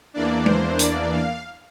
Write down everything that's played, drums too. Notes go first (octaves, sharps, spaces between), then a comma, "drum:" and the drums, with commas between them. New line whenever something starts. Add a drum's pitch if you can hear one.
E2 E3 A#3 D4 D5
C5, drum: tom G#3
D5, drum: hi-hat
F5